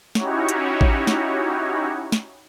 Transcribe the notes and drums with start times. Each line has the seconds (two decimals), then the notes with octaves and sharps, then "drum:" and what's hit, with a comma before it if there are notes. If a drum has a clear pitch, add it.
0.15 C#4 D#4 E4 F#4 G4 C#5, drum: snare
0.49 drum: hi-hat
0.81 drum: kick A1
1.07 drum: snare
2.12 drum: snare